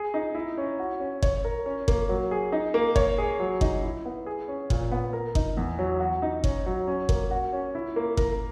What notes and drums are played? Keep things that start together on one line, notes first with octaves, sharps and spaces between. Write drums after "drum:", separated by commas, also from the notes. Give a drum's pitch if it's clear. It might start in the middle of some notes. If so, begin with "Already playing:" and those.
Already playing: G#4
D#4
E4
C#4
F#4
C#4
C#5, drum: kick G1
A#4
C#4
A#3, drum: kick G1
F#3
G#4
D#4
A#3
C#5, drum: kick G1
G#4
F#3
D#4, drum: kick G1
E4
B3
G#4
C#4
A#2, drum: kick G1
B3
A#4
D#4, drum: kick G1
E2
F#3
F#4
D#4
C#4, drum: kick G1
F#3
C#4
A#3, drum: kick G1
F#4
C#4
E4
A#3
A#4, drum: kick G1